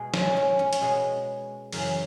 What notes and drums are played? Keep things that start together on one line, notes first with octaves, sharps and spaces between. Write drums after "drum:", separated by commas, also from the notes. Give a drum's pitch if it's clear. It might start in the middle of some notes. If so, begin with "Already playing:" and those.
Already playing: B2 G#3
C#4, drum: snare
C#4
C#4
C#4, drum: hi-hat
B2 G#3 B3
F#2 C#3 E3, drum: open hi-hat